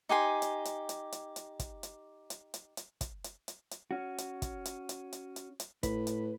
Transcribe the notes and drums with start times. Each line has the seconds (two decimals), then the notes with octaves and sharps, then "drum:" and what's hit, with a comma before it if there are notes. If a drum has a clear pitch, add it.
0.09 D#4 G4 G#5 C6
0.42 drum: hi-hat
0.65 drum: hi-hat
0.89 drum: hi-hat
1.12 drum: hi-hat
1.36 drum: hi-hat
1.59 drum: kick, hi-hat
1.83 drum: hi-hat
2.30 drum: hi-hat
2.54 drum: hi-hat
2.77 drum: hi-hat
3.01 drum: kick, hi-hat
3.24 drum: hi-hat
3.48 drum: hi-hat
3.71 drum: hi-hat
3.91 C#4 F#4
4.18 drum: hi-hat
4.42 drum: kick, hi-hat
4.65 drum: hi-hat
4.89 drum: hi-hat
5.13 drum: hi-hat
5.36 drum: hi-hat
5.60 drum: hi-hat
5.83 A2 B4, drum: kick, hi-hat
6.07 drum: hi-hat